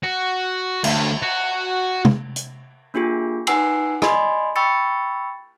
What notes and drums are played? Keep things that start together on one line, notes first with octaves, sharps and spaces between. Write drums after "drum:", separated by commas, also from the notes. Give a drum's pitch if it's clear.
F#4
D2, drum: cymbal
F#4
drum: tom C3
drum: hi-hat
A#3 D4 F4 G4 G#4
D#4 B4 F#5 G#5 E6 C7, drum: cymbal
D5 D#5 G#5 B5 C6, drum: rim click
G5 B5 C#6 E6 A6 C#7